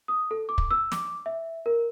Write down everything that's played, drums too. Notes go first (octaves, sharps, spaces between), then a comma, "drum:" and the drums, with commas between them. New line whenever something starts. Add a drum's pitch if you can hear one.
D#6
A4
D6
drum: kick
E6
D6, drum: snare
E5
A#4